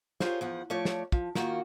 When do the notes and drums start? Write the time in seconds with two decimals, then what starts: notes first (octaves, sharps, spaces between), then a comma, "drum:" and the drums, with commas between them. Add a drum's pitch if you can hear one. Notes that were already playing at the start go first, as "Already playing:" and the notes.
0.20 F4 G4 G#4 A#4 C5 C#5, drum: snare
0.41 E2 F3 F#5
0.70 F3 A3 C#5 D5
0.85 drum: snare
1.12 F3, drum: kick
1.35 D#3 A#3 F4 F#4, drum: snare